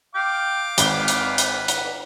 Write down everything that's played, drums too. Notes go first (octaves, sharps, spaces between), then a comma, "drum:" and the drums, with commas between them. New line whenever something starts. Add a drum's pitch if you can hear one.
F5 G5 D6
G#1 B4 G7, drum: hi-hat
drum: hi-hat
drum: hi-hat
drum: hi-hat